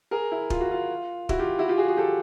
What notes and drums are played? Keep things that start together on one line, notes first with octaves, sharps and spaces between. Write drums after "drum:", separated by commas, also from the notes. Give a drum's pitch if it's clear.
G#4 A#4
E4
F4, drum: kick
F#4
F4
E4 F#4, drum: kick
F4 G4
E4 F#4
F4 G4
F#4 G#4
F#4 G#4
G4 A4